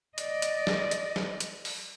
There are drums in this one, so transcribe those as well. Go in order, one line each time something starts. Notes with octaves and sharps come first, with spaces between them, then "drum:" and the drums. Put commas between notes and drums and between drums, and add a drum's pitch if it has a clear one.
D5 D#5, drum: hi-hat
drum: hi-hat
drum: snare
drum: hi-hat
drum: snare
drum: hi-hat
drum: open hi-hat